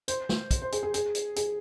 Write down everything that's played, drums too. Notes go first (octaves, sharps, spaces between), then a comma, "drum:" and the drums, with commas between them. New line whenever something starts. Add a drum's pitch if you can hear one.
C5, drum: hi-hat
drum: snare
drum: kick, hi-hat
C5
G#4, drum: hi-hat
G#4
G#4, drum: hi-hat
drum: hi-hat
G#4, drum: hi-hat